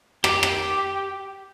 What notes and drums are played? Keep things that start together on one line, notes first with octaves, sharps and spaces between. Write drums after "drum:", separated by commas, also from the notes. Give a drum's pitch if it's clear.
G4, drum: rim click
drum: rim click